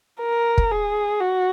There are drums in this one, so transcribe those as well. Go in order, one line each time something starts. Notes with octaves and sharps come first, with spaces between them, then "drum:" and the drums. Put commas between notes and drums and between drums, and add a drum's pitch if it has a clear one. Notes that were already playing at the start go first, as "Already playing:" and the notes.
A#4
drum: kick
G#4
F#4